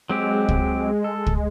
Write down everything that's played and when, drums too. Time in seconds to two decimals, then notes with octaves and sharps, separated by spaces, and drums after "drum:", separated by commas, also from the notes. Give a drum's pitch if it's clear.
0.09 F#3 G#3 C4 G4
0.48 drum: kick
1.04 A4
1.26 drum: kick